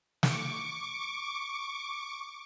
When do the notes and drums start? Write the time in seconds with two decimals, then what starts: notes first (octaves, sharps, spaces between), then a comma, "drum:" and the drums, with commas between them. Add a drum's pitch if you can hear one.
0.23 C#6 D6, drum: snare